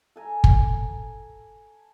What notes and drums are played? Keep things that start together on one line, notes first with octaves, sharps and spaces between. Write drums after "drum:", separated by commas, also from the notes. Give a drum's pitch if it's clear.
A4 G#5 A#5
drum: kick